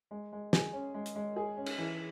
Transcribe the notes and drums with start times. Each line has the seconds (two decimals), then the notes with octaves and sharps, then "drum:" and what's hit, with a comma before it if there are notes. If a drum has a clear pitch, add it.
0.11 G#3
0.32 G#3
0.53 G#4, drum: snare
0.73 C#4
0.94 G#3
1.06 drum: hi-hat
1.16 G#3
1.36 G#4
1.57 C#4
1.66 drum: cymbal
1.78 E3